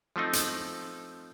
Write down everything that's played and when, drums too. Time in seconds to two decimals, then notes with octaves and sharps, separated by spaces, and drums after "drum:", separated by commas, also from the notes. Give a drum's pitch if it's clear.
0.16 F3 A3 C4 D#4
0.33 drum: hi-hat